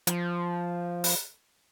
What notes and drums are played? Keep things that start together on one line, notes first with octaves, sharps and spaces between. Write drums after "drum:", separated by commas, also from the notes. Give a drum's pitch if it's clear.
F3, drum: hi-hat
drum: open hi-hat